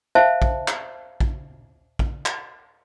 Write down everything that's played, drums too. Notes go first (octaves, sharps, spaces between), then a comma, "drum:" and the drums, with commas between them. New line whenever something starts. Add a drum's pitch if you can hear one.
C5 E5 F5 A5
drum: kick
drum: clap
drum: kick
drum: kick
drum: clap